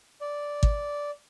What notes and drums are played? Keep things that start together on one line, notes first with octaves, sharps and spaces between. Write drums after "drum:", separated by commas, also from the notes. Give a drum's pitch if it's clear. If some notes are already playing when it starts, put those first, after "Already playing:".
D5
drum: kick